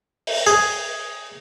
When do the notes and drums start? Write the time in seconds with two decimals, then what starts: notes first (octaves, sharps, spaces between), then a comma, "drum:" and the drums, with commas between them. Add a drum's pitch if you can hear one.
0.27 drum: open hi-hat
0.47 G#4